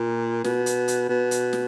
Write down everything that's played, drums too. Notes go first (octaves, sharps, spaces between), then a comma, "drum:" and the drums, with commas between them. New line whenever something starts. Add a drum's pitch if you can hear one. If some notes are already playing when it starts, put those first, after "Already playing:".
Already playing: A#2
B2, drum: snare
drum: hi-hat
drum: hi-hat
B2
drum: hi-hat
drum: snare